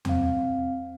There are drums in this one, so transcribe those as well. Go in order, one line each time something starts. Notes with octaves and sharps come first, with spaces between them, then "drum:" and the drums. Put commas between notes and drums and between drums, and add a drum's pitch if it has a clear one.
C4 F5, drum: tom E2